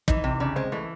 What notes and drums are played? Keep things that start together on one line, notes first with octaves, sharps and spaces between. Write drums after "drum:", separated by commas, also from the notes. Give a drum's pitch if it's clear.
E3 D#4, drum: kick
C3
C#3 D4
G#3 C4
E3 A3